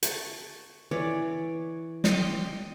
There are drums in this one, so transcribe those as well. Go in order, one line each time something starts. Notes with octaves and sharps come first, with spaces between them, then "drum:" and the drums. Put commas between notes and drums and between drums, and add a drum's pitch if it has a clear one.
A5 C#6, drum: hi-hat
E3 C#5 D5
D#5 G5 C6 D6, drum: snare